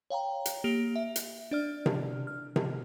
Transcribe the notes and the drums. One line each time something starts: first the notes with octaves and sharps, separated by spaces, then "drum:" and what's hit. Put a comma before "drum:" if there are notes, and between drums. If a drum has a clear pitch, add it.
C#5 F5 G5 A#5
drum: hi-hat
A#3 G4 D7 F7
E5
drum: hi-hat
D4 D5 F6
drum: tom C3
F6
drum: tom C3